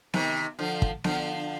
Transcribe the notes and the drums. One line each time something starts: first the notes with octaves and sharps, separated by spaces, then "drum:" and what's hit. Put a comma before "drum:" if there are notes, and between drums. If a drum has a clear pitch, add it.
C3 D#3, drum: snare B3
D3 F3
drum: kick
D3 F3, drum: snare B3